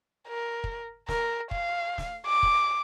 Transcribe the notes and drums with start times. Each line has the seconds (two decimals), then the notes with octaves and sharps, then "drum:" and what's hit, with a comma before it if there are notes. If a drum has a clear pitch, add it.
0.28 A#4
0.64 drum: kick
1.08 A#4, drum: snare
1.51 F5, drum: kick
1.98 drum: snare
2.26 D6
2.43 drum: kick